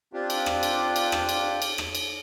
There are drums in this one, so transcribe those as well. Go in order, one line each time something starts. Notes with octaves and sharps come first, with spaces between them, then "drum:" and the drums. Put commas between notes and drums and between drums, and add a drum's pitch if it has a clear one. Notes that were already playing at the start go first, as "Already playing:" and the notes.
C4 D4 F4 G4
drum: cymbal
drum: rim click
drum: cymbal
drum: cymbal
drum: rim click
drum: cymbal
drum: cymbal
drum: rim click
drum: cymbal